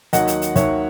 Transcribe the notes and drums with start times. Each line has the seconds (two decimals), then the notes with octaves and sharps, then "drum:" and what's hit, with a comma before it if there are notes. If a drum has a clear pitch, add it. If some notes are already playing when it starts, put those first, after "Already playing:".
0.13 D#2 D#3 F#3 D#5 F#5, drum: hi-hat
0.27 drum: hi-hat
0.42 drum: hi-hat
0.56 D#2 D#3 F#3 C#5 E5, drum: kick, hi-hat